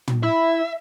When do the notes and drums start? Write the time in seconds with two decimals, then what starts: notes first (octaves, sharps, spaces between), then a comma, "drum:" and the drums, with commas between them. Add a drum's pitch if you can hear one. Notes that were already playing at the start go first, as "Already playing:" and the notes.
0.08 drum: tom
0.23 E4 E5